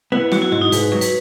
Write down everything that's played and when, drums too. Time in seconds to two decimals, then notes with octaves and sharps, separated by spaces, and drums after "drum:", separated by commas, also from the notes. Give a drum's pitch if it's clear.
0.12 B3 E4
0.32 F#3 F#4, drum: snare
0.42 E4
0.52 G#2 F#4
0.62 D#4
0.72 G#2 B4, drum: hi-hat
0.92 F#3
1.01 B4, drum: hi-hat